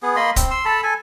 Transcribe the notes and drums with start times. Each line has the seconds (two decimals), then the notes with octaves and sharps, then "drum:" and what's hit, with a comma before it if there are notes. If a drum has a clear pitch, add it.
0.03 B3 G#4
0.16 A#3 D#5 B5 C6
0.36 C4, drum: kick, hi-hat
0.51 C6 E6
0.65 A4 A5 B5
0.83 A4 G#5